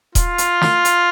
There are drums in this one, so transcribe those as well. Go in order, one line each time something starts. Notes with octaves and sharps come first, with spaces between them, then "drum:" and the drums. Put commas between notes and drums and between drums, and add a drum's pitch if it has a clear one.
F4, drum: kick D#1, hi-hat
drum: hi-hat
drum: snare
drum: hi-hat